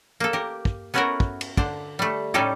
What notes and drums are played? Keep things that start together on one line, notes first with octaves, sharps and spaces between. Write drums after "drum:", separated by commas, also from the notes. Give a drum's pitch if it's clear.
A#3 A4
G4 A#4
drum: kick
B3 C#4 E4 F#4 A4 A#4
drum: kick
drum: cymbal
D3 D4 C5, drum: kick
G3 A3
A2 G3 C#4 D#4 G4 A4